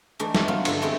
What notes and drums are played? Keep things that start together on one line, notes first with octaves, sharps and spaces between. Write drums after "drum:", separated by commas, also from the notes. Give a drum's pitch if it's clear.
E3 A3 D4 D#4
A3, drum: snare
F#3 B3 F4
G2 D3 E4, drum: cymbal
G#3 A3 B3 C4